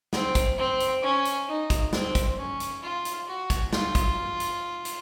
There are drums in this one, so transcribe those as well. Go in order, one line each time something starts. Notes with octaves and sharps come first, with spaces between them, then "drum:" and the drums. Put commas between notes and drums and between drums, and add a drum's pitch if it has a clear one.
C4, drum: snare
drum: kick, hi-hat
C4
drum: hi-hat
C#4
drum: hi-hat
D#4
drum: kick, hi-hat
C4, drum: snare
drum: kick, hi-hat
C#4
drum: hi-hat
F4
drum: hi-hat
F#4
drum: kick, hi-hat
F4, drum: snare
drum: kick, hi-hat
drum: hi-hat
drum: hi-hat